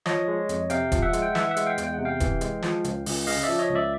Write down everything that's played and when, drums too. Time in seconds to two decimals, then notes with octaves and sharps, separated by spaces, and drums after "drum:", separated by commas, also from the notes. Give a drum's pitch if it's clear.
0.06 F3 C#5 D#5, drum: snare
0.28 G#3
0.49 F2, drum: hi-hat
0.70 C3 F5 G5, drum: hi-hat
0.92 F3, drum: kick D#1, hi-hat
1.02 E5 F#5
1.13 G#3, drum: hi-hat
1.22 G5
1.35 E3 E5 F#5, drum: snare
1.51 E5 F#5
1.57 G#3, drum: hi-hat
1.66 F5 G5
1.78 E2, drum: hi-hat
1.83 G5
1.94 C3 F#5
2.05 F5 G5
2.20 E3, drum: kick D#1, hi-hat
2.41 G#3, drum: hi-hat
2.63 F3, drum: snare
2.84 C#2, drum: hi-hat
3.06 C#2, drum: open hi-hat
3.27 C#3 D#5 F5, drum: open hi-hat
3.43 F3 D5 E5
3.59 C#5 D#5
3.69 C#2
3.75 D5 E5